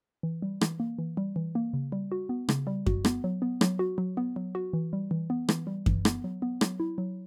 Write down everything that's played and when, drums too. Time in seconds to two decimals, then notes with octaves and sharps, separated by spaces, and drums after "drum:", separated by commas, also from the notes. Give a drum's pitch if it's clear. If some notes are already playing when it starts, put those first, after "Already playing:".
0.23 E3
0.42 G3
0.61 E3, drum: rim click
0.80 A#3
0.99 E3
1.17 G3
1.36 E3
1.55 A#3
1.74 C#3
1.92 G3
2.12 F#4
2.29 B3
2.49 C#3, drum: rim click
2.67 G3
2.86 F#4, drum: kick F#2
3.05 B3, drum: rim click
3.24 F#3
3.42 B3
3.61 F#3, drum: rim click
3.79 F#4
3.98 F#3
4.17 B3
4.36 F#3
4.55 F#4
4.73 E3
4.93 G3
5.11 E3
5.30 B3
5.49 E3, drum: rim click
5.67 G3
5.86 E3, drum: kick F#2
6.05 B3, drum: rim click
6.24 F#3
6.42 B3
6.61 F#3, drum: rim click
6.80 E4
6.98 F#3